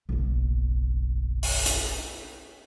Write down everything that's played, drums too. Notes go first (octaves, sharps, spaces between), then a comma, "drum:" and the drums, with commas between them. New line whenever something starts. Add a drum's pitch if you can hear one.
F#1 B1
drum: open hi-hat
drum: hi-hat